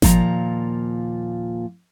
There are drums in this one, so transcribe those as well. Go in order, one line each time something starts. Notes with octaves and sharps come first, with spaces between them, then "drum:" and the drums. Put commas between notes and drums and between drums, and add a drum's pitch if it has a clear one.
D#2 A#2 F3 A#5, drum: snare G#1